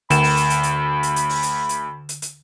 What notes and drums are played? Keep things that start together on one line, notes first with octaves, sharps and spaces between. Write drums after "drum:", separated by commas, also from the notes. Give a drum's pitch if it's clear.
D2 D3 B5 E7, drum: hi-hat
drum: open hi-hat
drum: hi-hat
drum: hi-hat
drum: hi-hat
drum: hi-hat
drum: hi-hat
drum: open hi-hat
drum: hi-hat
drum: hi-hat
drum: hi-hat
drum: hi-hat